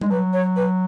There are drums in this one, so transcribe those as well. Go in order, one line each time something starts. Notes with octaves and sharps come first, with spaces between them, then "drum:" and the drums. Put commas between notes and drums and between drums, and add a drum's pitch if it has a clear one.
G#3, drum: tom G3
F#3 B4
C#5
B4